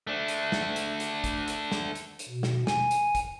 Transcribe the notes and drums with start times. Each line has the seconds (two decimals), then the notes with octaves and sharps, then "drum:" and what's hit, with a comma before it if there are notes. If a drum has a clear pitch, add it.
0.07 A3 D4
0.28 drum: hi-hat
0.52 drum: snare
0.76 drum: hi-hat
1.00 drum: hi-hat
1.24 drum: kick, hi-hat
1.48 drum: hi-hat
1.72 drum: snare
1.95 drum: hi-hat
2.19 drum: hi-hat
2.29 B2
2.43 drum: snare
2.67 G#5, drum: snare
2.91 drum: hi-hat
3.15 drum: kick, hi-hat